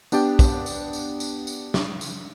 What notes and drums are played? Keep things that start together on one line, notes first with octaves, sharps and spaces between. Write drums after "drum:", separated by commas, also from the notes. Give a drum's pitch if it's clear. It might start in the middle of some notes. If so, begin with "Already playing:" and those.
B3 D4 G4 D5 G5, drum: tambourine
drum: kick, tambourine
drum: tambourine
drum: tambourine
drum: tambourine
drum: tambourine
drum: snare
drum: tambourine